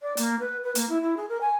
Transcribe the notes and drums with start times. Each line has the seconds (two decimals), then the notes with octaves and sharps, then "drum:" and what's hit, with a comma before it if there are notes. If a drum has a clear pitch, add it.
0.02 D5
0.17 A#3, drum: hi-hat
0.39 B4
0.64 B4
0.75 A#3, drum: hi-hat
0.89 E4
1.01 E4
1.17 G#4
1.29 A#4
1.41 G#5